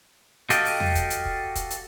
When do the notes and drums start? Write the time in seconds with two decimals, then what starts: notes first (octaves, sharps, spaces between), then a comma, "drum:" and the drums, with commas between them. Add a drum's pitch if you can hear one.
0.50 F#4 G4 A4 D#5 F5 G5, drum: hi-hat
0.65 drum: open hi-hat
0.80 drum: tom E2
0.95 drum: kick, hi-hat
1.10 drum: hi-hat
1.25 drum: kick
1.56 drum: kick, hi-hat
1.71 drum: hi-hat